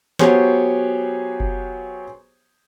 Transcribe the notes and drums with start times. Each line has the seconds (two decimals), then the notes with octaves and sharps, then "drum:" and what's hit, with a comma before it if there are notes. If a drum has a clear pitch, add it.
0.19 F#3 B3 G4 G#4 C5 C#5, drum: snare
1.40 drum: kick F#1